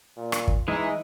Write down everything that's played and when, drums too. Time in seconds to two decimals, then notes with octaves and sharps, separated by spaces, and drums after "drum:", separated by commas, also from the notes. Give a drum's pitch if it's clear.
0.17 A#2
0.32 drum: rim click
0.48 drum: kick
0.68 E3 G#3 D#4 E4